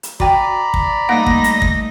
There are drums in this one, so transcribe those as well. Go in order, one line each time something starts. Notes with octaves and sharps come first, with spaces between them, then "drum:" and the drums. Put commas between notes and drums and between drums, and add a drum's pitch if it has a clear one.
drum: hi-hat
F#4 D5 G5 A#5 B5, drum: kick
drum: kick
G2 A3 A#3 D#4 F#5 A#6
drum: kick
drum: hi-hat
drum: kick